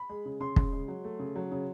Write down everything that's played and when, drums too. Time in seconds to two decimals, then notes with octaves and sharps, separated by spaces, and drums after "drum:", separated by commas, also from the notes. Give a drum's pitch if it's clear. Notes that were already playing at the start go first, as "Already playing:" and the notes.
Already playing: B5
0.09 G#3
0.25 C#3
0.40 C#3 C6
0.56 C#3, drum: kick
0.72 G#3
0.88 F#3
1.04 A3
1.19 C#3
1.36 F#3
1.51 C#3